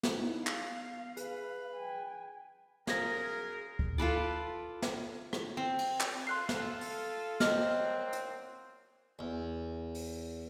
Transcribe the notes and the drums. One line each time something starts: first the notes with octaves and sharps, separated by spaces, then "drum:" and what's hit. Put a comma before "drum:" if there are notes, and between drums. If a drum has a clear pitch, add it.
drum: snare
B3 D#4 E4
F5, drum: clap
G#4 B4, drum: hi-hat
G5 G#5
F#2 G#4 A#4 F5 G#6 A#6, drum: snare
drum: kick D2
F4 A4 B4 D5
drum: snare
drum: rim click
C4
drum: cymbal
drum: clap
F4 A4 C6 F#6 C7
drum: snare
drum: open hi-hat
A#2 F#3 C4 D#5 F6, drum: snare
drum: hi-hat
E2
drum: open hi-hat